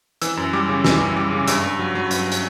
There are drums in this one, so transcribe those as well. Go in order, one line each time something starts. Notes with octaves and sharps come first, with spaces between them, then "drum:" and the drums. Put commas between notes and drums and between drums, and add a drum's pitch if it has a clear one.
E3 E6, drum: hi-hat
F#2
G3 D6
C#3
E3 E6, drum: snare
F#2
G3 D6
C#3
G2 E6, drum: hi-hat
G2
F#3
F#3
G2, drum: hi-hat
drum: hi-hat